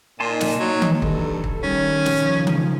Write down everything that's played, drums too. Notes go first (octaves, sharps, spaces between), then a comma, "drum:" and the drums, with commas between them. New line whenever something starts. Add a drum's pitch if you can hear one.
A#2 A#3 D#4 G#5 A5 C6
drum: snare
F#3
drum: tom D#3
G2 A4, drum: kick
drum: kick
D#3 G3 C#4
drum: snare
C#3 F3
drum: tom D#3